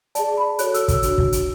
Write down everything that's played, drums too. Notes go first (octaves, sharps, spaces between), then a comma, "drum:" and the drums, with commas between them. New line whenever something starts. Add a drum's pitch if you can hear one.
G#4 D5 A5, drum: hi-hat
B5
F#4 A4 C#5 F#6, drum: hi-hat
E6, drum: hi-hat
E6, drum: kick, hi-hat
D4 F#4 C#5, drum: hi-hat
drum: kick
drum: hi-hat